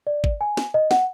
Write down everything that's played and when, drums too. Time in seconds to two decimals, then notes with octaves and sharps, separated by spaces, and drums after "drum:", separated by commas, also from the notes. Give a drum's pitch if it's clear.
0.07 D5
0.24 drum: kick
0.41 G#5
0.57 drum: snare
0.74 D#5
0.91 F#5, drum: snare